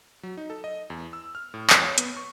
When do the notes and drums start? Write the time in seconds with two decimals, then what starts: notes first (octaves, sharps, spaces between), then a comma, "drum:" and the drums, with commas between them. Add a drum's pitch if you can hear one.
0.23 F#3
0.37 D#4
0.50 A4
0.64 D#5
0.90 E2
1.13 E6
1.35 F6
1.54 A2
1.70 F2, drum: clap
1.82 C#5
1.98 B3, drum: hi-hat
2.16 C#6